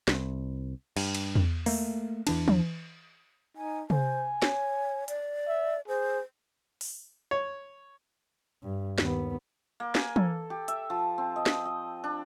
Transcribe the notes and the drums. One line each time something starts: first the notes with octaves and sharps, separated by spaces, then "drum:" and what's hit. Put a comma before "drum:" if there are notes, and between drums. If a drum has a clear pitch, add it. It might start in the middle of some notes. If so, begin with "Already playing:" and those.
C2, drum: snare
G2, drum: cymbal
drum: cymbal
drum: tom E2
A3 A#3, drum: open hi-hat
E2 E3 D4, drum: cymbal
drum: tom
D#4 G#5
C5 G#5, drum: tom C3
C#5, drum: snare
D5, drum: hi-hat
E5
G#4 C5
drum: open hi-hat
C#5
G2
D#2 B3, drum: snare
A#3
G#5, drum: snare
A4, drum: tom
G4
E5, drum: hi-hat
F3
C4
D#5
drum: snare
D#5
D4